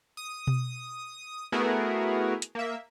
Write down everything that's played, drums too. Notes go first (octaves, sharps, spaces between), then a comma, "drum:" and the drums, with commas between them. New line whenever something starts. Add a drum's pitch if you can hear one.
D#6
drum: tom B2
A3 B3 E4 F#4 G#4 A#4
drum: hi-hat
A#3 E5